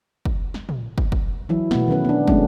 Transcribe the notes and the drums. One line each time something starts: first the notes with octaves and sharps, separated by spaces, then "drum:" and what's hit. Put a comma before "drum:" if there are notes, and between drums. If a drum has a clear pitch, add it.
drum: kick
drum: snare
drum: tom
drum: kick
drum: kick
E3 F#3 E4
B2 A3 B3, drum: snare
D#3 F#3 C#4 B4
B3 D4
F#3 G#3 A3 B3 C#4 D4, drum: kick